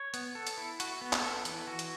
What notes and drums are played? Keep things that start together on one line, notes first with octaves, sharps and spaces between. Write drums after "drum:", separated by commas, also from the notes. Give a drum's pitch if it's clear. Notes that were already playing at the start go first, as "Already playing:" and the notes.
Already playing: C#5
B3, drum: hi-hat
A4
drum: hi-hat
E4
F#4, drum: hi-hat
B3
drum: clap
A4
E3, drum: hi-hat
F#4
drum: hi-hat